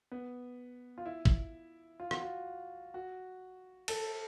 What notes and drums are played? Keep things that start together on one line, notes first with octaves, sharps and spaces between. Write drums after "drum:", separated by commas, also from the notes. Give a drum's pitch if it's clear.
B3
F4
E4
drum: kick
F4
F#4, drum: rim click
F4
F#4
A4, drum: cymbal